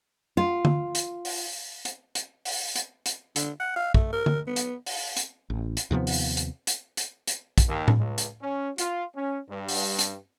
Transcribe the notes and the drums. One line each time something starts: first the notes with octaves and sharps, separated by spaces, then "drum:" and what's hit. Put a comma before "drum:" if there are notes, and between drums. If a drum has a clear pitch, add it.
F4
drum: tom D3
drum: hi-hat
drum: open hi-hat
drum: hi-hat
drum: hi-hat
drum: open hi-hat
drum: hi-hat
drum: hi-hat
D3, drum: hi-hat
F#5
F5
A3, drum: kick
A#4
drum: tom D3
B3
drum: hi-hat
drum: open hi-hat
drum: hi-hat
A1
drum: hi-hat
D#2 C3 F3 B3
drum: open hi-hat
drum: hi-hat
drum: hi-hat
drum: hi-hat
drum: hi-hat
drum: kick, hi-hat
D#2
drum: tom A2
C#2
drum: hi-hat
C#4
F4, drum: hi-hat
C#4
G2
drum: open hi-hat
drum: hi-hat